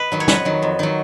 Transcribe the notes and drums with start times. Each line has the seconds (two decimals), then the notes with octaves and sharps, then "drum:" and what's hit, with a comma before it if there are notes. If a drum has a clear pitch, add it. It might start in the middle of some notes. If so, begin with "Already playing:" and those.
Already playing: B4 D#5
0.12 D#3 F#3
0.20 C#5
0.28 F2 B4, drum: snare
0.45 D#3 F#3
0.62 F2
0.79 D#3 F#3